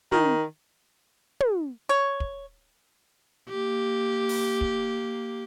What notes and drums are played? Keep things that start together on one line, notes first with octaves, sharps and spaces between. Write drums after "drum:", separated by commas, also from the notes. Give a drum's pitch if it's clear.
D#3, drum: tom
drum: tom
C#5
drum: kick
A#3 G4
drum: open hi-hat
drum: kick